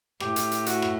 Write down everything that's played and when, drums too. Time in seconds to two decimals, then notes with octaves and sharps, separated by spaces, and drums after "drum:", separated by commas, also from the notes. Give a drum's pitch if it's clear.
0.20 A2 G4, drum: rim click
0.36 drum: hi-hat
0.51 drum: hi-hat
0.66 F#4, drum: hi-hat
0.82 drum: rim click